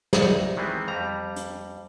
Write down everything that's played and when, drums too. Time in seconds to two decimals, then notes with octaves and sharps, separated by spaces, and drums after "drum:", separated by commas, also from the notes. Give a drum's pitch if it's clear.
0.13 C2 D#4 F#5 A5, drum: snare
0.57 D#3 E3 G#3 B3 C4
0.88 F2 G3 A#5
1.36 drum: hi-hat